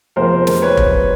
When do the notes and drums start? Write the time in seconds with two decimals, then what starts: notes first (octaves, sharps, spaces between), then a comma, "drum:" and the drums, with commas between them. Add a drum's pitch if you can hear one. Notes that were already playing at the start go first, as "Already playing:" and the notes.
0.16 F2 C3 F3 G#3 B3 A#4 C5
0.47 drum: snare
0.62 B4 C#5
0.77 drum: kick F1